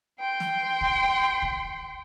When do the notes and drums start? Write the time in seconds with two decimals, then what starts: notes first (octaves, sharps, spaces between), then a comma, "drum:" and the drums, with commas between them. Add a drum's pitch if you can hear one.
0.20 G5 C6
0.40 drum: snare
0.81 drum: kick C#2
1.42 drum: kick C#2